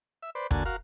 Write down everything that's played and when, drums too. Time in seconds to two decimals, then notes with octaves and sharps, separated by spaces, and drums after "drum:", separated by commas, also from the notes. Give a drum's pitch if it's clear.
0.22 E5
0.35 B4 C5 D5
0.51 D3 A#3 F#4 G#5 A5, drum: kick
0.65 F#4 A#4 F5